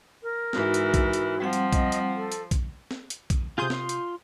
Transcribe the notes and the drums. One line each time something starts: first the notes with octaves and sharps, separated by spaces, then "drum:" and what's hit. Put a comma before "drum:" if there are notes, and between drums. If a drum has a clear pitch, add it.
A#4
G#2 E3 D#4 F#4 B5, drum: snare C4
drum: hi-hat
drum: kick B1, hi-hat
drum: hi-hat
F3 G3 C4 F#5
drum: hi-hat
D#5, drum: kick B1, hi-hat
drum: hi-hat
A4
drum: hi-hat
drum: kick B1, hi-hat
drum: snare C4
drum: hi-hat
drum: kick B1, hi-hat
C3 F4 G#4 C6 D#6 G6
F4 C6, drum: snare C4
drum: hi-hat